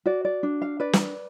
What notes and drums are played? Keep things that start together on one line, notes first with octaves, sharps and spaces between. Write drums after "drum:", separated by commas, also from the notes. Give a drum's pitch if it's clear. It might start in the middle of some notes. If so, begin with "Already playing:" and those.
F#4 D5
D5
D4
F5
B4 D5
drum: snare